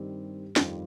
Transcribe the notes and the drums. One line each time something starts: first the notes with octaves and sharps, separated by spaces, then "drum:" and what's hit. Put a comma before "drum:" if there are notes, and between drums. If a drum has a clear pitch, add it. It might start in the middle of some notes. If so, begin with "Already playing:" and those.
Already playing: G2 D#3 G3 C4
F2 D#3 G3 C4 F4, drum: snare